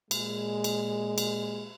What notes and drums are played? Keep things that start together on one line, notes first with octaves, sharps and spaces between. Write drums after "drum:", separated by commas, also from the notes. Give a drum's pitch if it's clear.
A#2 G#3, drum: cymbal
drum: cymbal
drum: cymbal